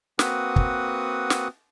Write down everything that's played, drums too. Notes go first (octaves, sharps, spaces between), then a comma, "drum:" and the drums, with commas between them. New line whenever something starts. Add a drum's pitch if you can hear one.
A#3 C4 F#4 B4 F#5 D#6, drum: snare
drum: kick
drum: snare